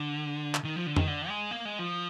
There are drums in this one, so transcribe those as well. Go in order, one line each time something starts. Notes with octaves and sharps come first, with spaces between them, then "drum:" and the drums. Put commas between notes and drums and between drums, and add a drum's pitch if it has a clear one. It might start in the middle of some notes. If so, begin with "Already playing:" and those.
Already playing: D3
drum: clap
D#3
F3
D3
D#3, drum: tom F2
D3
G#3
A#3
G#3
F3